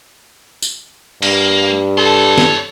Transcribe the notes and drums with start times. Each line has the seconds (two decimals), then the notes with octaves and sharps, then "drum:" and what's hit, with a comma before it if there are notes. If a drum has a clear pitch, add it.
0.62 drum: tambourine
1.23 G2 A#3, drum: cymbal
1.98 A4 C#5 C6
2.38 drum: snare